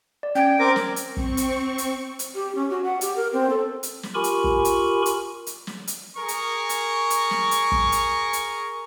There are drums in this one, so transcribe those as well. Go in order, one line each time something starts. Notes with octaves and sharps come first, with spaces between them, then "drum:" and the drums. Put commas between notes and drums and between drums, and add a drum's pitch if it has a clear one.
D5
C#4 G5 G#6
C4 A#4 D6 A#6
drum: snare
drum: hi-hat
C4 C#6
drum: kick
drum: hi-hat
drum: hi-hat
drum: hi-hat
G4
C#4
F#4
F#5
G4, drum: hi-hat
A#4
C4
A4
drum: hi-hat
drum: snare
F4 G4 A#4 G#5 B5 C#6
drum: hi-hat
drum: kick
drum: hi-hat
drum: hi-hat
drum: hi-hat
drum: snare
drum: hi-hat
G#4 A#4 C#6
drum: hi-hat
drum: hi-hat
drum: hi-hat
drum: snare
drum: hi-hat
drum: kick
drum: hi-hat
drum: hi-hat